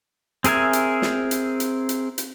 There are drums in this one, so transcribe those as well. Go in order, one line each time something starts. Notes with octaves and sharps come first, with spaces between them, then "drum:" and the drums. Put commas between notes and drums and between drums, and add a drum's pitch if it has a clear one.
C4 G#4 A#4 E5 G#5, drum: hi-hat
drum: hi-hat
drum: snare
drum: hi-hat
drum: hi-hat
drum: hi-hat
drum: hi-hat